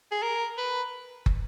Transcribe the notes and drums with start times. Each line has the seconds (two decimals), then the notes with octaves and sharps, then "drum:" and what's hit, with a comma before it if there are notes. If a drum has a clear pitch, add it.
0.11 G#4
0.22 A#4
0.58 B4
1.26 drum: kick